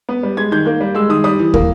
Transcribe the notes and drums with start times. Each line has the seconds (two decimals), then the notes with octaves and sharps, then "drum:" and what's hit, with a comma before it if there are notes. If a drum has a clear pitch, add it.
0.09 B3
0.23 G3
0.37 G#3 G#6
0.51 D#3 G6
0.66 A#3 G6
0.80 G3
0.95 G#3 E6
1.09 D#3 D#6
1.24 G3 D#6
1.39 E3
1.54 A#3, drum: kick